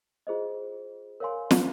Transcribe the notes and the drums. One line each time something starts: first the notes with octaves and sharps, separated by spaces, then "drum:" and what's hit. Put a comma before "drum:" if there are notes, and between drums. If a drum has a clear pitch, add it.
F4 G#4 C5 D#5
A#4 C#5 F5 G#5 C6
drum: snare